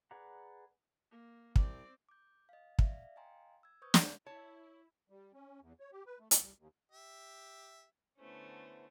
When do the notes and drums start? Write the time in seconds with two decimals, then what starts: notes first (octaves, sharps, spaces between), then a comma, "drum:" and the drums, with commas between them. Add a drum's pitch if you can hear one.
0.11 G#4 B4 D5 F#5 A#5
1.11 A#3
1.56 C2 C4 D5, drum: kick
2.09 D6 G6
2.49 D#5 F5
2.79 D5 E5 F5, drum: kick
3.16 D#5 F5 G5 G#5 A#5 C6
3.63 E6 G#6
3.82 B4 C5 C#6 D#6 G6 G#6
3.94 drum: snare
4.26 E4 C#5 A5
5.10 G3
5.34 C#4
5.61 E2
5.80 C#5
5.92 G4
6.06 B4
6.20 A3
6.31 G3, drum: hi-hat
6.43 G3
6.58 D#2
6.92 G4 E5
8.19 D3 A3 B3 C#4 E4 C5